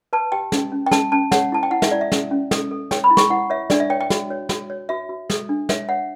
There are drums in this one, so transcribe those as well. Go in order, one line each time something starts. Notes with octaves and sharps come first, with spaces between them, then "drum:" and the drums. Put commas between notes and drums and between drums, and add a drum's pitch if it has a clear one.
B4 A5
G4 G5
C#4, drum: snare
C#4
G5
C#4 A5, drum: snare
C#4 A5
C#5 F#5, drum: snare
E4 A5
G5
E4 F#5
E5, drum: snare
E4 D5
E5
C#4, drum: snare
C#4
A4, drum: snare
A4
C#5 G5, drum: snare
B5
E4
C#6, drum: snare
E4 F#5
C#5 E5
D4 D5, drum: snare
E5
C#5 G5
G5
F#4, drum: snare
C#5
F#4, drum: snare
C#5
F#4 E5
F#4
A4, drum: snare
D4
C#5 E5, drum: snare
C#5 F#5